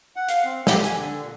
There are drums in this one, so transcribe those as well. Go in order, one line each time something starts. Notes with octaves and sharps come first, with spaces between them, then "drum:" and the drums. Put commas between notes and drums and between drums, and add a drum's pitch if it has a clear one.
F#5
F5, drum: hi-hat
C4
G4, drum: snare
G#5, drum: hi-hat
D3
A#2